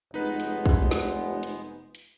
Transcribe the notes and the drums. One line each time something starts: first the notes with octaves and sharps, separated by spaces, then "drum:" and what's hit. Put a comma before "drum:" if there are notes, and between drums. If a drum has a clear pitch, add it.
F1 G#3 B3 D#4 B4
drum: hi-hat
drum: kick A#1
drum: snare
drum: hi-hat
drum: hi-hat